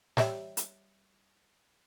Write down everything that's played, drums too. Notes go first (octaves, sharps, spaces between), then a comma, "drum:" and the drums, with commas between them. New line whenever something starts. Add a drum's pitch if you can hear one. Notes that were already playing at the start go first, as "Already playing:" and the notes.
G3 C#5 E5, drum: snare
drum: hi-hat